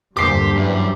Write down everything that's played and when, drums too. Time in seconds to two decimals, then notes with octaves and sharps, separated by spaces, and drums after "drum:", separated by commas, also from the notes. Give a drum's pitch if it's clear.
0.17 G2 A#2 D3 G4 C5 D6 C7, drum: tom E2
0.54 F#2 E3 G3